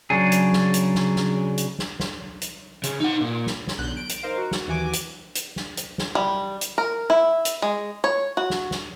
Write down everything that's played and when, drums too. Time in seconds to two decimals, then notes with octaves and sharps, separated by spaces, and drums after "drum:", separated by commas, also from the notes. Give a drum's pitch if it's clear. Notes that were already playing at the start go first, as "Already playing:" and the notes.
0.10 C#3 F#3 D4 G#4
0.32 drum: hi-hat
0.53 drum: snare
0.74 drum: hi-hat
0.95 drum: snare
1.16 drum: snare
1.58 drum: hi-hat
1.79 drum: snare
2.00 drum: snare
2.42 drum: hi-hat
2.84 C#3, drum: hi-hat
3.00 D#4 F#5
3.21 A#2
3.46 drum: snare
3.67 drum: snare
3.79 B1 D3 F#6 G6
3.97 D7
4.09 drum: hi-hat
4.23 D#4 A#4 C5 F5
4.38 F#4
4.51 drum: snare
4.68 D#2 E3 F#4 G#5 D6
4.93 drum: hi-hat
5.35 drum: hi-hat
5.56 drum: snare
5.77 drum: hi-hat
5.98 drum: snare
6.15 G3
6.61 drum: hi-hat
6.78 A#4
7.10 E4
7.45 drum: hi-hat
7.62 G#3
8.04 C#5
8.37 F#4
8.50 drum: snare
8.71 drum: snare